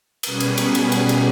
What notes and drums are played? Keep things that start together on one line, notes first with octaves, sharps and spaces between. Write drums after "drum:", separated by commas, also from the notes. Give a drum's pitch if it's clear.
B2 G3 C#4 G#4 B4, drum: cymbal
drum: cymbal
drum: cymbal
drum: cymbal
drum: cymbal
drum: cymbal